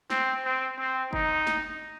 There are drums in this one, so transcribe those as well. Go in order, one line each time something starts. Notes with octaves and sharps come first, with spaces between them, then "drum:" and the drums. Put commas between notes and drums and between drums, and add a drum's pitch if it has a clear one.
C4, drum: snare
C4
C4
D#4, drum: kick F#1
drum: snare